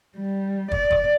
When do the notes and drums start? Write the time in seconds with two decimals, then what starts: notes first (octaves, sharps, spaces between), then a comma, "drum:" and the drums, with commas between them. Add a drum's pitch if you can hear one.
0.17 G3
0.72 D5, drum: kick
0.91 drum: kick